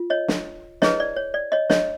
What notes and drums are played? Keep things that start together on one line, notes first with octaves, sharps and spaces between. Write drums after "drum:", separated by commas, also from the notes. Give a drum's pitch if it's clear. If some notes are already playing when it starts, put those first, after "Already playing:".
Already playing: F4
C#5 D#5
drum: snare
E4 G#4 B4 C#5 D#5, drum: snare
D5
C#5
D5
C#5 D#5
C#5 D#5, drum: snare